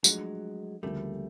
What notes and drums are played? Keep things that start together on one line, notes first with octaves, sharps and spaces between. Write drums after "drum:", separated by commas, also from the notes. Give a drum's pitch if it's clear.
F3 F#3 G#3 A3 D4, drum: tambourine
D2 C#3 F3 G3 A3 A#3